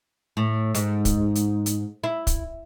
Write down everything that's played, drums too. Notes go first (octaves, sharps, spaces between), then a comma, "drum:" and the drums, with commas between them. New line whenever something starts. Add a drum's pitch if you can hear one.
A2
G#2, drum: hi-hat
drum: kick, hi-hat
drum: hi-hat
drum: hi-hat
E4
drum: kick, hi-hat